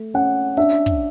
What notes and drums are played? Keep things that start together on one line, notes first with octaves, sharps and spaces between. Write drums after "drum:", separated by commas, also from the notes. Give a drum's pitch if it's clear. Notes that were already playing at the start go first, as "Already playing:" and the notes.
Already playing: A3
C#4 F#5
D4 E5, drum: hi-hat
drum: kick, open hi-hat